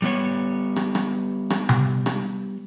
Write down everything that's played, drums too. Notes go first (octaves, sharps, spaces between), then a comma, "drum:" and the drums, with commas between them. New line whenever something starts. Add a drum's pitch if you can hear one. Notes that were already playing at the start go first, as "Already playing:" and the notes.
G3 B3 C#5
drum: rim click
drum: rim click
drum: rim click
drum: tom C3
drum: rim click